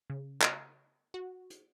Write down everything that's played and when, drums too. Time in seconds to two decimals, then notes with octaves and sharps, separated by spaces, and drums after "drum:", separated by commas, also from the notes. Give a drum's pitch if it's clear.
0.10 C#3
0.42 drum: clap
1.14 F#4
1.50 drum: hi-hat